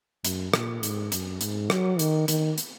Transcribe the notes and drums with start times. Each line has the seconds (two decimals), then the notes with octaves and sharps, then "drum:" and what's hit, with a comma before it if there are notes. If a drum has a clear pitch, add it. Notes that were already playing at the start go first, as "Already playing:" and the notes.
0.25 F#2, drum: hi-hat
0.54 A#2, drum: rim click
0.83 G#2, drum: hi-hat
1.12 F#2, drum: hi-hat
1.41 G#2, drum: hi-hat
1.70 F#3, drum: rim click
1.99 D#3, drum: hi-hat
2.28 D#3, drum: hi-hat
2.58 drum: hi-hat